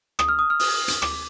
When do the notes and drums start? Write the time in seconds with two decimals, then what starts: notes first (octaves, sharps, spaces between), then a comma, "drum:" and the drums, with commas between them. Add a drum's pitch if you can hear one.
0.19 D#6, drum: rim click
0.29 F6
0.39 D#6
0.50 F6
0.60 D#6, drum: open hi-hat
0.88 drum: hi-hat
1.02 D6, drum: rim click